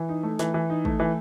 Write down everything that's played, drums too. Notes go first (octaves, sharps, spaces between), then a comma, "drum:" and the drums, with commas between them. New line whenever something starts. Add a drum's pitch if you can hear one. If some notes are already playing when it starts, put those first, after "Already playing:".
Already playing: E3
D#4
A3
E3, drum: snare
E3
D#4
A3, drum: kick
E3